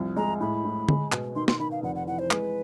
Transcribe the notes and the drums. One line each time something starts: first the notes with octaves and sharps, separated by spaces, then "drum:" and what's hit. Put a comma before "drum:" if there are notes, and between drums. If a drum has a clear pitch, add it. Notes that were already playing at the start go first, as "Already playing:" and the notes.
Already playing: C2 F2
G#3 A#5
A2 B5
A2
G#3, drum: tom D3
B2, drum: clap
D#3 C6
C6, drum: snare
D#3 B5
F5
F1 F#5
F#5
E3 F#5
C5
G#3 B4, drum: clap